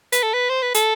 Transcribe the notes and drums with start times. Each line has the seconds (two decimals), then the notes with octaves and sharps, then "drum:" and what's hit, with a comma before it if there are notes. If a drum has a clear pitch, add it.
0.12 B4, drum: hi-hat
0.23 A4
0.34 B4
0.49 C5
0.62 B4
0.74 A4, drum: hi-hat